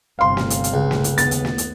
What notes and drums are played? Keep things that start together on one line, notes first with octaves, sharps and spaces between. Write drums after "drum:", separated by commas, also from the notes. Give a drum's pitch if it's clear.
G1 C3 F5 C6
drum: snare
drum: hi-hat
drum: hi-hat
C#2
drum: snare
drum: hi-hat
D#2 B3 A6, drum: hi-hat
drum: hi-hat
drum: snare
drum: hi-hat